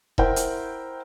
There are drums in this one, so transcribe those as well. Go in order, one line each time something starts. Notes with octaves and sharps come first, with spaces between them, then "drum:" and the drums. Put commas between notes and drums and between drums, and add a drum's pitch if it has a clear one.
E4 A#4 C5 F#5 G5, drum: kick E1
drum: hi-hat